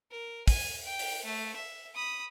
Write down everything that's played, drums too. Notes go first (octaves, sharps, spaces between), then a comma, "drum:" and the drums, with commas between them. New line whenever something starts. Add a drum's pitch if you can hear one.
A#4
G#5, drum: kick, open hi-hat
G5
drum: open hi-hat
A3
E5
B5 D#6